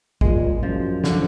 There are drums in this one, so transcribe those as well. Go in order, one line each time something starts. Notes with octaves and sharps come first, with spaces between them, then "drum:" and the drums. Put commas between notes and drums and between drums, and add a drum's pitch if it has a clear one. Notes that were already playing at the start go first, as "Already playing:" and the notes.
A#2 G#3, drum: kick
F#2 F3
D3, drum: snare